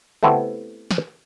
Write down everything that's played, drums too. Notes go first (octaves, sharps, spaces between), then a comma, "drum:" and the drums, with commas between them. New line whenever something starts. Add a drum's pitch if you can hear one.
A3 B3 C4 E4 G4, drum: tom C#3
drum: snare